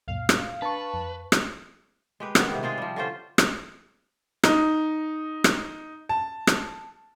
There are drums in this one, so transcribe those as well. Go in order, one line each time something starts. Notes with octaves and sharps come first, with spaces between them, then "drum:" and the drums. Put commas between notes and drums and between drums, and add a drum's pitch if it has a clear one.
C#2 F#2 A#2 F5
drum: rim click
D4 B4 A5 C#6 A6
F2
drum: rim click
G#3 G4 B4
D#3 B3 C4, drum: rim click
G#2 C3
G#3 C4 F4 G#4
F3 G3
D3 C#4 F4 C5
drum: rim click
D#4, drum: rim click
drum: rim click
A5
drum: rim click